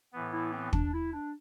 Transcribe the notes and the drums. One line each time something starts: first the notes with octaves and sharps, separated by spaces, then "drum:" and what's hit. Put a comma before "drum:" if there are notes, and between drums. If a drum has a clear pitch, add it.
A2 E3 B3
E4
C4
D4, drum: kick
E4
D4